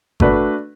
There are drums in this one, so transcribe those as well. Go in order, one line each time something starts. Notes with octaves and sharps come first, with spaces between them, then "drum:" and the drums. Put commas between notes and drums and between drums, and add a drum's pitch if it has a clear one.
A3 D4 F#4 B4, drum: kick G1